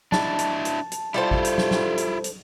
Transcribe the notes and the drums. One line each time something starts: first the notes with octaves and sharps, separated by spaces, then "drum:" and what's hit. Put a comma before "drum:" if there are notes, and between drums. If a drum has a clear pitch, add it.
D4 E4 A5, drum: snare
drum: hi-hat
drum: hi-hat
drum: hi-hat
G3 E4 F4 A4 C5
drum: kick G#1
drum: hi-hat
drum: snare
drum: snare
drum: hi-hat
drum: hi-hat